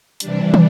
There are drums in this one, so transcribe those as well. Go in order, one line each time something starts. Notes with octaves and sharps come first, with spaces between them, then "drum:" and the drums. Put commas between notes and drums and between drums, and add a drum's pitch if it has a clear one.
C3 E3 G3 D4, drum: hi-hat
drum: tom